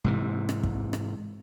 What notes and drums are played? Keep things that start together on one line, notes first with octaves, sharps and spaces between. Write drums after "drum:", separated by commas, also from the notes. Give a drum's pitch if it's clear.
G#2 C3 E3
drum: rim click
drum: kick
drum: rim click